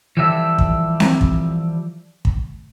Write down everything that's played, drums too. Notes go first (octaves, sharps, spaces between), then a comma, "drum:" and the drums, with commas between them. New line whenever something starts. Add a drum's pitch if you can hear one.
E3 F3 G3 G4 A4 E5
drum: kick
drum: snare C4
drum: kick
drum: kick